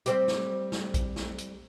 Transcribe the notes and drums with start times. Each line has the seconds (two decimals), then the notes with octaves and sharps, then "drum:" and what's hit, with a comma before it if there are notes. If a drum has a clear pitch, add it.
0.06 G3 C4 G4, drum: hi-hat
0.28 drum: snare
0.72 drum: snare
0.94 drum: kick A#1, hi-hat
1.16 drum: snare
1.38 drum: hi-hat